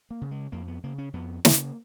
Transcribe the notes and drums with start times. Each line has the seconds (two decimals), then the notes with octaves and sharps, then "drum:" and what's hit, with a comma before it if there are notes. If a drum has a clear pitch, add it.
0.10 A#3
0.21 C#3
0.31 G#3
0.52 F2 A#3
0.67 B3
0.84 C#3 A#3
0.98 C#4
1.13 F2 B3
1.45 C#3 A#3, drum: snare